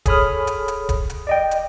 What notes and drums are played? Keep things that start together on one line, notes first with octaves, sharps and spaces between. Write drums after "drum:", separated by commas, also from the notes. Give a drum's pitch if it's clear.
G#4 A4 C#5 B5 D#6 F6, drum: kick D1, hi-hat
drum: hi-hat
drum: hi-hat
drum: kick D1, hi-hat
drum: hi-hat
D5 D#5 G5
drum: hi-hat